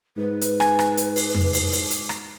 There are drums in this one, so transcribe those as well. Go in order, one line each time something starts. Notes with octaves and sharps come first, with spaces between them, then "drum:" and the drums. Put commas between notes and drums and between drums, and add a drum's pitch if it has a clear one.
G#2 B4
drum: hi-hat
G#5, drum: rim click
drum: rim click
drum: hi-hat
drum: open hi-hat
drum: tom F2
drum: open hi-hat
drum: open hi-hat
drum: hi-hat
drum: rim click